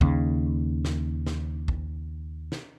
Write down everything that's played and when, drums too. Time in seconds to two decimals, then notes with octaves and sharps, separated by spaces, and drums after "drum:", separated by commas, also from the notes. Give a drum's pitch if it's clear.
0.01 D#2 C#3, drum: kick
0.85 drum: snare
1.26 drum: snare
1.68 drum: kick
2.52 drum: snare